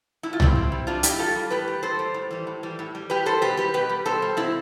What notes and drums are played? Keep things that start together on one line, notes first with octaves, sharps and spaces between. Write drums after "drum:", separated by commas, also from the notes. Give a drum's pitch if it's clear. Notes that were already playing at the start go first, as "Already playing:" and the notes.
A2 E4
F4
G3 C4 E4, drum: tom C2
A2
G3
A2 D4 F4
G3 E4 G4, drum: hi-hat
A2 F4 A4
G3
A2 G4 B4
G3
A2 A4 C5
G3
A2
E3 G3
A2
E3 G3
A2
G3
A2 G4 B4
G3 A4 C5
B2 G4 B4
G3 G4 B4
B2 G4 B4
G3
B2 A4 C5
G3
B2 C4 E4